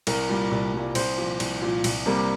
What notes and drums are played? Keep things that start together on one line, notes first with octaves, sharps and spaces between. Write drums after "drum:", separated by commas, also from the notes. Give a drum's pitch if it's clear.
C2 A#4, drum: cymbal
A#2 G3
C2
A#2 G3
C2 C5, drum: cymbal
A#2 F3
C2, drum: cymbal
A#2 F3
C2, drum: cymbal
C3 G3 A#3